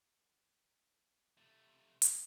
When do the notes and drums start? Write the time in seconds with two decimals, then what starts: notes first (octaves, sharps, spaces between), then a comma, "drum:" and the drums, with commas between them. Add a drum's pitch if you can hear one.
1.37 C3 A3
2.02 drum: hi-hat